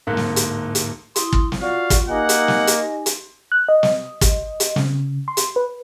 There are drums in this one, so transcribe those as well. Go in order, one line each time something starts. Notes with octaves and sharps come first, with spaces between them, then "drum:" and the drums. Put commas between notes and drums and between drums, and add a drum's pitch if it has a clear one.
D1 G#2 A#3 A4 F5 F#6
drum: snare
drum: hi-hat
drum: hi-hat
E4 C6 D#6, drum: hi-hat
drum: kick
drum: snare
F4 F#4 D5 F5
drum: kick, hi-hat
A#3 D#4 G4 D#5 F#5 G#5
drum: hi-hat
drum: snare
drum: hi-hat
drum: hi-hat
F#6
D#5
drum: snare
drum: kick, hi-hat
drum: hi-hat
C#3, drum: snare
C6
drum: hi-hat
B4